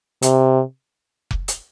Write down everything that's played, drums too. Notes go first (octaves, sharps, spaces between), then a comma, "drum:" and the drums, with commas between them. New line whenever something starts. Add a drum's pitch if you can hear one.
C3, drum: hi-hat
drum: kick F1
drum: hi-hat